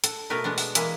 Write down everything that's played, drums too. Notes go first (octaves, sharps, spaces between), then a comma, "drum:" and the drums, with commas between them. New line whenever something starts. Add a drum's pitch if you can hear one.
A4 F#5, drum: hi-hat
B2 A3 B3 A#4 B4
G#3 B3 D4 F#5
drum: open hi-hat
E3 G#3 A#3 E4, drum: hi-hat